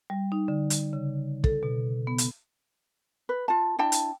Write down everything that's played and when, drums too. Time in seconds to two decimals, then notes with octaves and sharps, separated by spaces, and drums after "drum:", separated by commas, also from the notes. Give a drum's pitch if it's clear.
0.10 G3
0.32 D#4
0.48 D3
0.70 drum: hi-hat
0.93 C#3
1.44 A4, drum: kick
1.63 B2
2.07 B3
2.18 drum: hi-hat
3.29 B4
3.48 F4 A5
3.79 D4 E4 G5 A5
3.92 drum: hi-hat